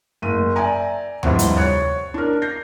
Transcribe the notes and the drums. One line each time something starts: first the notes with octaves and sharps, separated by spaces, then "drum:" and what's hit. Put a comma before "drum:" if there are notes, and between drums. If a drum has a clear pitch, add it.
F#1 D#7
D5 E5 G5 G#5 A#5
G1 F2 G3 C4 E4 F#5, drum: tom D#2
drum: hi-hat
C#5 C#6 F#6 A6
D4 A#4
G6 A#6 C7